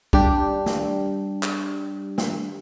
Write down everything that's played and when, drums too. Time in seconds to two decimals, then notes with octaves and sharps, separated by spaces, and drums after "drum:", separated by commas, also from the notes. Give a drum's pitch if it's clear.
0.13 G3 D4 G4, drum: kick
0.66 drum: snare
1.43 drum: clap
2.18 drum: snare